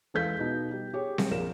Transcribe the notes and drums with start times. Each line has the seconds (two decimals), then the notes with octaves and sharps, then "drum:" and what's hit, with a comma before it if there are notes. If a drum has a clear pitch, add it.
0.14 E3 G#3 A4 F5 G6 B6
0.39 B2 D#4
0.71 G3
0.94 G4 G#4 C#5
1.18 drum: snare C4
1.31 A#1 A#4 E7